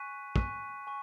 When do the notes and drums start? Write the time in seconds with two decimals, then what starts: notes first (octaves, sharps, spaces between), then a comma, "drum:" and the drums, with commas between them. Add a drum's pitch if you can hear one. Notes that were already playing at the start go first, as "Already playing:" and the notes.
Already playing: G#5 C#6 F#6 B6 D#7
0.36 G#5 C#6 F#6 B6 D#7, drum: kick
0.87 G#5 C#6